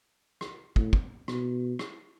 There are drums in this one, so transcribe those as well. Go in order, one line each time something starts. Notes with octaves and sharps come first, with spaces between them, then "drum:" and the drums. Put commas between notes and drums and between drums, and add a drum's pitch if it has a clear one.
drum: rim click
A2, drum: kick
drum: kick
B2, drum: rim click
drum: rim click